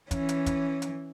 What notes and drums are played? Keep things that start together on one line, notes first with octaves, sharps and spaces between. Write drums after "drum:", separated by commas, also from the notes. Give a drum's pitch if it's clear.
E3 C#4, drum: kick, hi-hat
drum: hi-hat
drum: kick, hi-hat
drum: hi-hat